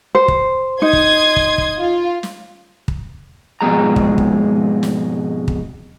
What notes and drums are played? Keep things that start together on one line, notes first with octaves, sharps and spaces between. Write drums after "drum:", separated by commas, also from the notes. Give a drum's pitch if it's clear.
C5
drum: kick
D#4 C6 D#6 G#6
drum: kick
drum: kick
drum: kick
F4
drum: snare
drum: kick
F2 G#2 B2 G#3 A#5
drum: kick
drum: kick
drum: snare
drum: kick